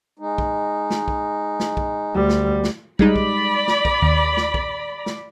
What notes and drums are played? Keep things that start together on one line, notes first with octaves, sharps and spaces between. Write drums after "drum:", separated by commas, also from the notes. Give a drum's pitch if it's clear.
G#3 D#4
drum: kick
drum: snare
drum: kick
drum: snare
drum: kick
D2 G3
drum: snare
drum: snare
G3 G#3 D#4 D5 B5, drum: kick
drum: kick
drum: snare
drum: kick
D#2
drum: snare
drum: kick
drum: snare